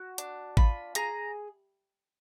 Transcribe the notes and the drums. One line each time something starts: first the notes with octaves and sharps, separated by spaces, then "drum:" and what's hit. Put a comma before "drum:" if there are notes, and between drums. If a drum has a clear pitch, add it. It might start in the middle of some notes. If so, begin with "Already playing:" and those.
Already playing: F#4
D4, drum: hi-hat
F4 B5, drum: kick G#1
G#4 A#5, drum: hi-hat